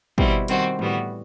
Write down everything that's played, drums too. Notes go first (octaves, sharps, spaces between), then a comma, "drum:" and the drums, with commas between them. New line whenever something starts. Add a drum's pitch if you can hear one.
B2 G3 C4 E4, drum: kick
D#3 G3 C4 F#4 C5, drum: hi-hat
A2 E3 G3 B3 F#4, drum: tom D3